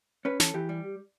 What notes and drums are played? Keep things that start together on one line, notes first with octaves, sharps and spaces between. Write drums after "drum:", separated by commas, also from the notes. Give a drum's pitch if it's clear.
C#4 B4
E3 A4, drum: snare
E3 G4
G3